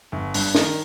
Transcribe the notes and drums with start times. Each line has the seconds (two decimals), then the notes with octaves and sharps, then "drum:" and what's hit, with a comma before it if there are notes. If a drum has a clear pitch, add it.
0.12 G1
0.34 G2, drum: open hi-hat
0.55 D#3, drum: snare